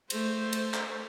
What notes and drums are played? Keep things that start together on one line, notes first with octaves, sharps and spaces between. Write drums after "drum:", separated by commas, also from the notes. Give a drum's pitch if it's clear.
A3 C5, drum: cymbal
drum: cymbal
drum: clap